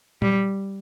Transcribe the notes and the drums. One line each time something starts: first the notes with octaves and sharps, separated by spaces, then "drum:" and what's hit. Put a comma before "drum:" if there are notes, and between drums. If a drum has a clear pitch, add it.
G3, drum: tom A#2